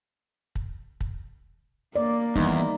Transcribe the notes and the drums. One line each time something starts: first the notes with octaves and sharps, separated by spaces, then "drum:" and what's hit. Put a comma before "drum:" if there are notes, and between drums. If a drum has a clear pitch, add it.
drum: kick
drum: kick
A#3 D5
E2 D#3 G3 D#4, drum: kick